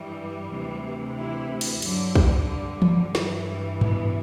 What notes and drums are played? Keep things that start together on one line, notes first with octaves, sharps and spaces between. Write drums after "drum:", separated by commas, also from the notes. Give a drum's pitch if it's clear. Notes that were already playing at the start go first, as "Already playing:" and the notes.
Already playing: G2 E3 G3
D2 C3 E3
E3 E4
drum: cymbal
G2 D3 F#3, drum: cymbal
G3, drum: kick
G3
G3, drum: tom
G2 E3 F#3, drum: snare
G3
B2 B3, drum: tom G2